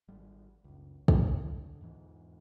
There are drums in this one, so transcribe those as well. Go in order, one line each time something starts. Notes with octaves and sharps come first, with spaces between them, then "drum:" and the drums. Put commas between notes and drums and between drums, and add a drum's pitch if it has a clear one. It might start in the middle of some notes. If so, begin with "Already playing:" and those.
G#1 G3
F#1 C#2
D3, drum: kick
E2 G#2 E3